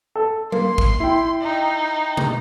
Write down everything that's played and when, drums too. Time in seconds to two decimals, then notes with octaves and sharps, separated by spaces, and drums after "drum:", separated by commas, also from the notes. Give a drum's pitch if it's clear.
0.15 A4
0.52 A#3 C6, drum: tom F#3
0.78 drum: kick G#1
1.00 E4 G5
1.41 D#4
2.17 drum: tom B2